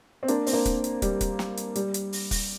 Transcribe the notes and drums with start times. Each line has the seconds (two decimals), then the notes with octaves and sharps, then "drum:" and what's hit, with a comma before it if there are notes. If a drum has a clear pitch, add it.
0.23 C4
0.28 A#3 D4, drum: hi-hat
0.46 C4, drum: open hi-hat
0.53 A#3 D4
0.65 drum: kick, hi-hat
0.84 drum: hi-hat
1.02 G3, drum: kick, hi-hat
1.21 drum: kick, hi-hat
1.39 drum: snare
1.57 drum: hi-hat
1.75 G3, drum: hi-hat
1.94 drum: hi-hat
2.13 drum: open hi-hat
2.31 drum: kick, open hi-hat